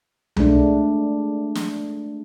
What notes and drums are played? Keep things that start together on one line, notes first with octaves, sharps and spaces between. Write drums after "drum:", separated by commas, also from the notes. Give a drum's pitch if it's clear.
G#3 A3 D4, drum: tom C2
drum: snare